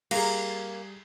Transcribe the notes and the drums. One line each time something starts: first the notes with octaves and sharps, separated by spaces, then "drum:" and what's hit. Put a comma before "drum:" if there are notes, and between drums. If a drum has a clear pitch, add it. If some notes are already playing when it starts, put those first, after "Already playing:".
G3 A#3 G#4, drum: cymbal